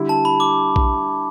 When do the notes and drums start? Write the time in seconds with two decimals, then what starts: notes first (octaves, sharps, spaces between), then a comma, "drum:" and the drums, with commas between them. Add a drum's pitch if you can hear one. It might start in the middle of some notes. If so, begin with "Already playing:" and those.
Already playing: D3 G3 E4
0.09 A5
0.25 B5
0.40 D6
0.76 drum: kick A#1